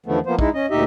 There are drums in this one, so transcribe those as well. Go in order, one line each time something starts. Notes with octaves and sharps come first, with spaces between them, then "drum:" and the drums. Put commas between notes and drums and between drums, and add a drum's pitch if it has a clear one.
E2 D3 D#3 F3 A3 B3
F3 A#3 B3 C5
G#3 D#4 E4, drum: kick
C#4 D#5
D2 A#2 D#4 G4 D#5 E5